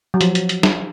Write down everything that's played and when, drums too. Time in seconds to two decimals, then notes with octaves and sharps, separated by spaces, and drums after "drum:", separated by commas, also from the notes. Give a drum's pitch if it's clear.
0.14 F#3
0.21 F3, drum: hi-hat
0.35 drum: hi-hat
0.49 drum: hi-hat
0.63 drum: snare